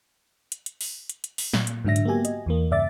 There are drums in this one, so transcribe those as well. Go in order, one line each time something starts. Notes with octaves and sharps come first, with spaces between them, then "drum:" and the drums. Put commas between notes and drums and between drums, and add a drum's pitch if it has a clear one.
drum: hi-hat
drum: hi-hat
drum: open hi-hat
drum: hi-hat
drum: hi-hat
drum: open hi-hat
A#2, drum: snare
drum: hi-hat
G#2 D3 F#3 D4 E5 A#6
drum: hi-hat
A#3 B3 F#4 G4 G#5
D#5, drum: hi-hat
E2 E3 A#3
G2 C#3 D5 E5 D6 A6